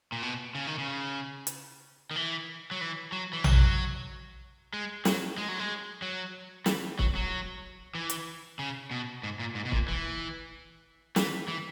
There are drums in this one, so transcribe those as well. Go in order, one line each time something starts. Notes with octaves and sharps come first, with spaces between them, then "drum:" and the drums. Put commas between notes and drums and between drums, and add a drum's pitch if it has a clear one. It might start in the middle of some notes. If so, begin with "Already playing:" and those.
A#2
B2
C#3
D#3
C#3
drum: hi-hat
D#3
E3
F#3
E3
F#3
E3
F#3, drum: tom A#1
G#3
F#3, drum: snare
G#3
F#3
G#3
F#3
E3, drum: snare
F#3, drum: kick
F#3
E3
drum: hi-hat
C#3
B2
G#2
A#2
G#2
B2
A#2, drum: kick
E3
E3, drum: snare
E3